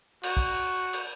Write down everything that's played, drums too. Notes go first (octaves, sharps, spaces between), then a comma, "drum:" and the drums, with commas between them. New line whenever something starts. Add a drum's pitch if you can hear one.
F#4, drum: cymbal
drum: kick
drum: cymbal